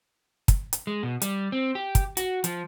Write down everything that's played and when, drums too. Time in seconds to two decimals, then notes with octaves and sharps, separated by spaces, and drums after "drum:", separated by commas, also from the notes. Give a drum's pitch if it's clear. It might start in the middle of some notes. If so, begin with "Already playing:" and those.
0.48 drum: kick, hi-hat
0.73 drum: hi-hat
0.87 G#3
1.03 B2
1.22 G3, drum: hi-hat
1.52 C4
1.75 G4
1.95 drum: kick, hi-hat
2.17 F#4, drum: hi-hat
2.44 F3, drum: hi-hat